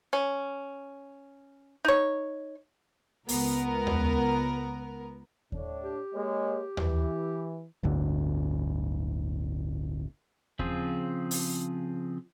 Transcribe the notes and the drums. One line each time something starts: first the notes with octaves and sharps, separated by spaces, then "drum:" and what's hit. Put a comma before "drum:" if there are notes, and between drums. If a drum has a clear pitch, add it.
C#4
D#4 C#5
C#2 B3 A#4, drum: open hi-hat
drum: tom D#2
A2 D4 C#5, drum: kick D#2
G4
G#3 A#3 C#5
E3, drum: tom D#2
D1 G1 D2 D3
C#3 F3 C4 F4 G#4, drum: kick D#2
drum: open hi-hat